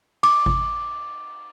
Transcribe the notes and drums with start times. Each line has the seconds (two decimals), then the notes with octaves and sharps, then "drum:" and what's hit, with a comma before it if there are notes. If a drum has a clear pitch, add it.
0.23 D6, drum: cymbal
0.46 drum: kick G#1